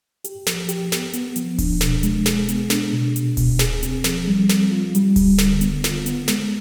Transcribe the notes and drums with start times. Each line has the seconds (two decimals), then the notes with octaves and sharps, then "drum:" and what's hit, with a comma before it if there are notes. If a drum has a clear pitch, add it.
0.24 G4, drum: hi-hat
0.47 F3, drum: snare
0.69 G4, drum: hi-hat
0.92 B3, drum: snare
1.13 B3, drum: hi-hat
1.36 F3, drum: hi-hat
1.58 D4, drum: kick D1, open hi-hat
1.81 B2, drum: snare
2.03 G#3, drum: hi-hat
2.26 G#4, drum: snare
2.49 B3, drum: hi-hat
2.70 D4, drum: snare
2.92 B2
3.16 B2, drum: hi-hat
3.37 B2, drum: kick D1, open hi-hat
3.59 G#4, drum: snare
3.83 C4, drum: hi-hat
4.04 F3, drum: snare
4.28 G3
4.49 C4, drum: snare
4.71 F4
4.95 G3, drum: hi-hat
5.16 G3, drum: kick D1, open hi-hat
5.39 D3, drum: snare
5.61 B3, drum: hi-hat
5.84 F4, drum: snare
6.06 B3, drum: hi-hat
6.28 G#3, drum: snare